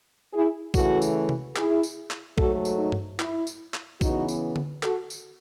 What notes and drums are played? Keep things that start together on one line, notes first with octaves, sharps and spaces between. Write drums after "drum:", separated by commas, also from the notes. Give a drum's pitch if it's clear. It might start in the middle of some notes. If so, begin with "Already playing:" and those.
E4 G#4
C#3 E3 A3 F#4 A4, drum: kick A#1, tambourine
drum: tambourine
drum: tom C3
E4 G#4, drum: clap
drum: tambourine
drum: clap
G#2 F#3 A3 F#4 A4, drum: kick A#1
drum: tambourine
D#4
drum: tom G2
E4, drum: clap
drum: tambourine
drum: clap
C#3 E3 B3 D#4 F#4, drum: kick A#1, tambourine
drum: tambourine
drum: tom D3
F#4 A4, drum: clap
drum: tambourine